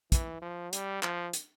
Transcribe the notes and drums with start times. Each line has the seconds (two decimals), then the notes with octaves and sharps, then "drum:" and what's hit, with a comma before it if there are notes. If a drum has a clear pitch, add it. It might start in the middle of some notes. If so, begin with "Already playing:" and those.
0.12 E3, drum: kick, hi-hat
0.42 F3
0.73 G3, drum: hi-hat
1.03 F3, drum: clap
1.33 drum: hi-hat